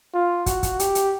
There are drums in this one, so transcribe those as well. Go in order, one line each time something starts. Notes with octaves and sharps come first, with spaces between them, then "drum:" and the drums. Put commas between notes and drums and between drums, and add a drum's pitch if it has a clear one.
F4
F#4, drum: kick, hi-hat
drum: kick, hi-hat
G4, drum: hi-hat
drum: hi-hat